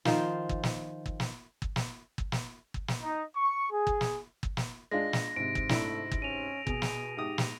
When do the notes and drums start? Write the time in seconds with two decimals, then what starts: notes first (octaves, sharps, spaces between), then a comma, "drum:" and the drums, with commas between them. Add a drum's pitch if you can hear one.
0.05 D#3 F3 F4 C5, drum: snare
0.49 drum: kick
0.63 drum: snare
1.06 drum: kick
1.20 drum: snare
1.62 drum: kick
1.76 drum: snare
2.18 drum: kick
2.32 drum: snare
2.74 drum: kick
2.88 drum: snare
3.02 D#4
3.36 C#6
3.72 G#4
3.87 drum: kick
4.01 drum: snare
4.43 drum: kick
4.57 drum: snare
4.91 G#3 D4 F4 A#6
5.13 drum: snare
5.36 G#2 C3 D7
5.55 drum: kick
5.69 A3 D4 E4, drum: snare
6.11 drum: kick
6.22 C#4 D#7 F7
6.67 B2 G#4, drum: kick
6.82 drum: snare
7.17 G#2 G4 D#6
7.38 drum: snare